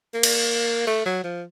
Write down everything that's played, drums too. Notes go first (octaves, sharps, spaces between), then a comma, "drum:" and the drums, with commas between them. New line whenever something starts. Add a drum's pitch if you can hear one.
A#3
drum: cymbal
A3
F#3
F3